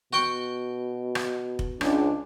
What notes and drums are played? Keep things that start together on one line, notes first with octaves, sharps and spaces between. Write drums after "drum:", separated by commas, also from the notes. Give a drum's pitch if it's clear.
B2 F#4 G5 C#6
drum: rim click
drum: kick F1
C#2 D4, drum: rim click